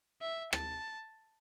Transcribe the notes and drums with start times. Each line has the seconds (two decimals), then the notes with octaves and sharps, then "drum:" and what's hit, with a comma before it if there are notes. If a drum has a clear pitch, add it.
0.22 E5
0.53 A5, drum: rim click